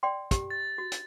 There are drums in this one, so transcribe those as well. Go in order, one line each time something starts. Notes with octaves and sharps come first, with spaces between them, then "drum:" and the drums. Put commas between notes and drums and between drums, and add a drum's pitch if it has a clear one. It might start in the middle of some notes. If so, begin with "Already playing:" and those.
D5 G5 C6
G4, drum: kick, hi-hat
A6
F#4
drum: hi-hat